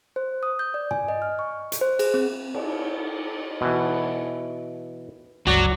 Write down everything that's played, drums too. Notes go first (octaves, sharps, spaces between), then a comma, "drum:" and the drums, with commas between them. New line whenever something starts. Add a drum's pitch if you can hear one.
C5
D#6
G6
D5
G#5, drum: tom
D#5
F6
C#6
drum: hi-hat
C5
G#4, drum: cymbal
C4
drum: cymbal
B2 E3
G1 C#2 F#3 F#4 D5